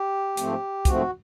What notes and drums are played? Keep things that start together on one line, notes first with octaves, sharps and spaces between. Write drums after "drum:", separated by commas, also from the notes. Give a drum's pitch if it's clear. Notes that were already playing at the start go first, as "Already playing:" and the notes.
Already playing: G4
G#2 F3 A3 C4, drum: hi-hat
G#2 F3 A3 C4 F#4, drum: kick, hi-hat